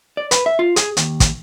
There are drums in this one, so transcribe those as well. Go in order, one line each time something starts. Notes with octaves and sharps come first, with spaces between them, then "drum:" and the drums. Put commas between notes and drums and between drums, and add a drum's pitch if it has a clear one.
D5
B4, drum: hi-hat
E5
F4
G#4, drum: hi-hat
D#2, drum: hi-hat
drum: kick, hi-hat